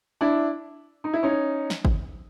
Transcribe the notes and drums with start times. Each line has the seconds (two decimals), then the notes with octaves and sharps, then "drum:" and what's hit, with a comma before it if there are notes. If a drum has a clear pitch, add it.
0.21 D4 E4
1.04 D#4
1.13 E4
1.23 C#4 D#4
1.70 drum: snare
1.85 drum: kick G#1